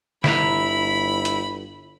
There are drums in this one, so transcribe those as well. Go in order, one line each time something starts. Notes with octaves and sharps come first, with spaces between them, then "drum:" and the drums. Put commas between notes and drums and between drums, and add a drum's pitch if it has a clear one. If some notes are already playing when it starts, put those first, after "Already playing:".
G1 E4 E5 A#5 B5, drum: snare
drum: hi-hat